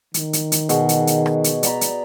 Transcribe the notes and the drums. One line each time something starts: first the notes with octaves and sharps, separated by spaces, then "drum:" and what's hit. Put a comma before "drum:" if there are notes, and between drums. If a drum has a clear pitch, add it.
D#3, drum: hi-hat
drum: hi-hat
drum: hi-hat
B2 F#4 G#4, drum: hi-hat
drum: hi-hat
drum: hi-hat
drum: rim click
drum: hi-hat
D5 A#5 B5, drum: hi-hat
drum: hi-hat